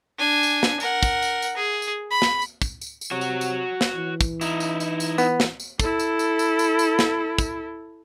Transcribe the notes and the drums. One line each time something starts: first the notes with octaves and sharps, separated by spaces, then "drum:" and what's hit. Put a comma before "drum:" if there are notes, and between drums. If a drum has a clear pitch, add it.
D4 G#5
drum: tambourine
drum: snare
A#4 F#5, drum: tambourine
drum: kick, tambourine
drum: tambourine
drum: tambourine
G#4
drum: tambourine
B5
drum: snare
drum: tambourine
drum: kick, tambourine
drum: tambourine
drum: tambourine
C3 F#4 C#5
drum: tambourine
drum: tambourine
drum: snare
E3
drum: kick, tambourine
D#4 E4, drum: tambourine
drum: tambourine
drum: tambourine
drum: tambourine
B3, drum: tambourine
drum: snare
drum: tambourine
E4 A4, drum: kick, tambourine
drum: tambourine
drum: tambourine
drum: tambourine
drum: tambourine
drum: tambourine
drum: snare
drum: kick, tambourine